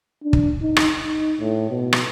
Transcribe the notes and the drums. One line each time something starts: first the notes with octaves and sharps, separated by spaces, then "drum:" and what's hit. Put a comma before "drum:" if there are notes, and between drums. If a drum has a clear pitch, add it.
D4
drum: kick
D#4
drum: rim click
D#4
A2
B2
drum: rim click